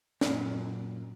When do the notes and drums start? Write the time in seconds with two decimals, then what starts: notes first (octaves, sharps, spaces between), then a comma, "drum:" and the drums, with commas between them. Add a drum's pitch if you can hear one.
0.21 F#2 A#2, drum: snare